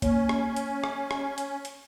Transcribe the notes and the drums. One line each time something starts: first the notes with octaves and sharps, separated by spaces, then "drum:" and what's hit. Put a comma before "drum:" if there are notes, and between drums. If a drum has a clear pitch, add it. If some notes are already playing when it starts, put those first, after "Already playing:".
A#3 C#4 C#5, drum: kick, hi-hat
drum: rim click
drum: hi-hat
drum: rim click
drum: rim click
drum: hi-hat
drum: hi-hat